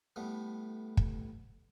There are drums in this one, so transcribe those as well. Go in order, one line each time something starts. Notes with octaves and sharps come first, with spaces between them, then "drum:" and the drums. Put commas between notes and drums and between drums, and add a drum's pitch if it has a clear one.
A2 G3 A3 B3
drum: kick